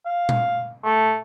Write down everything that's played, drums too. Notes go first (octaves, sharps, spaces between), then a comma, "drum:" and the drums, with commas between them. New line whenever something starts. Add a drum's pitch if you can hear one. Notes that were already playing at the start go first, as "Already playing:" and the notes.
F5
drum: tom A#2
A3